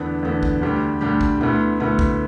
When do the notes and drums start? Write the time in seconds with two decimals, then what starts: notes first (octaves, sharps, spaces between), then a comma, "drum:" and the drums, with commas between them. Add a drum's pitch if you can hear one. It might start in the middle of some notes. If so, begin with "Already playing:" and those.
Already playing: E2 D3 B3 D4
0.23 E2 D3 B3 D4
0.43 drum: kick
0.62 D2 D3 G3 D4 G4
1.01 D2 D3 G3 D4 G4
1.21 drum: kick
1.40 D2 D3 B3 E4
1.80 D2 D3 B3 E4
1.99 drum: kick